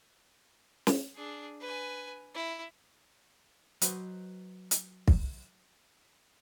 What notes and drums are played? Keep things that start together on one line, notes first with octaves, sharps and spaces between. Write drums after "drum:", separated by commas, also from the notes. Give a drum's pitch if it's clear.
drum: snare
D4 G#4
B4 G#5
E4
F#3 B4 C5 D#5, drum: hi-hat
drum: hi-hat
drum: kick